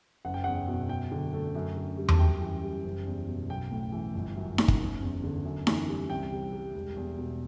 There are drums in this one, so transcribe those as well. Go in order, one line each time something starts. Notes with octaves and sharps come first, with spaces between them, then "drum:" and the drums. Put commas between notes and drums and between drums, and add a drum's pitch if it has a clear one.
F#1 F#5
G5
E2 F#5
B2
F#2 G5
D3
A3
F#2
D3
G3
A5, drum: tom E2
F#2 G5
E3
G3
F#1
E2
B2
B1 G5
A2
E3
G1
F#2
E3, drum: snare D#4
drum: kick G1
F#1
E2
D3
F#2
E3, drum: snare D#4
G3
C2 G5
C3
G3
E1
E2
B2